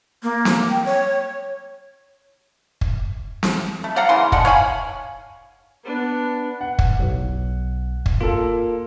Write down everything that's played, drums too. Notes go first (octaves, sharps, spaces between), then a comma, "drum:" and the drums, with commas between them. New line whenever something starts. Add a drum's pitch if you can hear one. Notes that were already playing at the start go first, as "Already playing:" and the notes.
A#3
drum: snare C4
G5
C#5
drum: kick
drum: snare C4
A3
D5 F5 F#5 A#5
C#3 E3 A#3 C6
D3 G#3 D4 F#5, drum: kick
C#5 F5 G#5 B5
B3 D4
F#5
drum: kick
B1
drum: kick
A#3 F4 A4